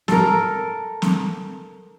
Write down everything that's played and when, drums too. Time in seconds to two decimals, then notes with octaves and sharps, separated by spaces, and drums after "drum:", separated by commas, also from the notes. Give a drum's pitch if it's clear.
0.08 A4 A#4, drum: snare
1.02 drum: snare